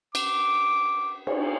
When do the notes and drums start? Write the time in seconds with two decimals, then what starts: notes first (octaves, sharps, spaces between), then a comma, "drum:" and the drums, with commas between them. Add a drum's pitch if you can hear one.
0.15 D6, drum: cymbal
1.27 drum: cymbal